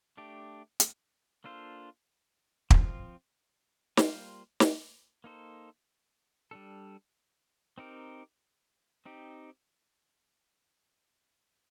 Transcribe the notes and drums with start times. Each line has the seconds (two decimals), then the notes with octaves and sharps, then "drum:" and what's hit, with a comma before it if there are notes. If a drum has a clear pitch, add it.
0.17 A3 D4 G4
0.80 drum: hi-hat
1.44 A#3 D4 F4 A4 C5
2.70 F3 C4 F4, drum: kick
3.97 G3 A#3 F4 C5, drum: snare
4.60 drum: snare
5.24 A#3 D#4 A4 C5
6.51 G3 D4 A4
7.78 C4 D#4 G4 A#4
9.05 C4 D#4 G4